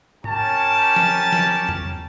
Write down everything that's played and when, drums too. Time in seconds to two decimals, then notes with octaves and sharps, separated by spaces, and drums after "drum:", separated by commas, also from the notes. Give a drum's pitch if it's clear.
0.24 C#4 G4 A#4 C#5 A5, drum: tom G#2
0.96 drum: snare
1.33 drum: snare
1.69 drum: tom E2